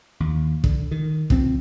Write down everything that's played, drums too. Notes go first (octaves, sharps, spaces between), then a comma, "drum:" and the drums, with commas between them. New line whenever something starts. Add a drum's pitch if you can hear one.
D#2
D3, drum: kick
D#3
C#2 F3 C4, drum: kick